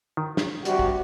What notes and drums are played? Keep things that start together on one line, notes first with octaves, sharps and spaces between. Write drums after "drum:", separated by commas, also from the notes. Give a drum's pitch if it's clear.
D#3
drum: snare
C3 G3 F#4, drum: hi-hat
drum: kick